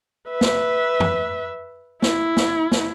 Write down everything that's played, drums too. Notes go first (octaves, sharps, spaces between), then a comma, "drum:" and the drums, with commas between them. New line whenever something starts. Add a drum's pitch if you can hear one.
B4 E5
drum: snare
drum: tom F#2
E4, drum: snare
drum: snare
drum: snare